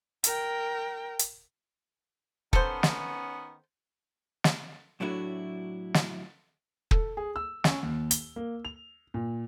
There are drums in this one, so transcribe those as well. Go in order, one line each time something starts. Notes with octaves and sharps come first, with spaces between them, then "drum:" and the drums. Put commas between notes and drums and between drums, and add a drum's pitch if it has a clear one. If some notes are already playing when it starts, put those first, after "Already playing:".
A#4 G5, drum: hi-hat
drum: hi-hat
D#3 B3 C#4 A4 C5, drum: kick
drum: snare
drum: snare
A2 F#3 A3 D4 E4 F#4
drum: snare
A4, drum: kick
G#4
E6
C#4, drum: snare
D#2
G7, drum: hi-hat
A#3
F7
A#2